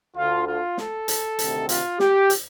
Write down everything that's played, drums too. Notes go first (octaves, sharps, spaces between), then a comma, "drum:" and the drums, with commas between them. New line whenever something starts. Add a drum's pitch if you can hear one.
D2 D3 F4
F4
A4, drum: snare
drum: hi-hat
D2 C3 D#3, drum: hi-hat
F4, drum: hi-hat
G4, drum: snare
drum: hi-hat